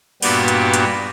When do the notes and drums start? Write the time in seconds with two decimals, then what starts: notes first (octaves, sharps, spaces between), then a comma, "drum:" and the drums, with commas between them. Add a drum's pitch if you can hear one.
0.22 G2 A#2 B3 D4 F#4 G4, drum: open hi-hat
0.48 drum: hi-hat
0.74 drum: hi-hat